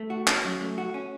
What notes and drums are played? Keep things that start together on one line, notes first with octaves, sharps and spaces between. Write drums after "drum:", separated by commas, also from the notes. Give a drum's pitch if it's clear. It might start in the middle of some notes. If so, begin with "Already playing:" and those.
Already playing: A3
F#4
C#4, drum: clap
F#3
A3
F#4
C#4